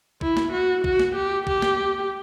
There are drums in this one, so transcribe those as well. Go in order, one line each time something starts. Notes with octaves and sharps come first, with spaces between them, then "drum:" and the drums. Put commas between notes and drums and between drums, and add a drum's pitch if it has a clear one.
E4, drum: kick
drum: snare
F#4
F#4, drum: kick
drum: snare
G4
G4, drum: kick
drum: snare